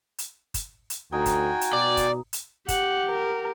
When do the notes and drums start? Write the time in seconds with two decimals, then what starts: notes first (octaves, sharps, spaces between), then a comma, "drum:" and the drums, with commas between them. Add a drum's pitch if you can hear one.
0.18 drum: hi-hat
0.54 drum: kick, hi-hat
0.90 drum: hi-hat
1.12 D2 D#4 F#4 G5 G#5
1.26 drum: kick, hi-hat
1.61 drum: hi-hat
1.73 B2 D5
1.97 drum: kick, hi-hat
2.33 drum: hi-hat
2.68 G4 F#5, drum: kick, hi-hat
3.10 A#4